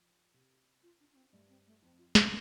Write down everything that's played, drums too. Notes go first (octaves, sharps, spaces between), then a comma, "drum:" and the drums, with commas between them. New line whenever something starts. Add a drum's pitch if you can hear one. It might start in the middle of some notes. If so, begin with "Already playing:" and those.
Already playing: F3
C3
F4
D4
D4
C4
G2 A3
C4
A3
F2 C4
F4
G4, drum: snare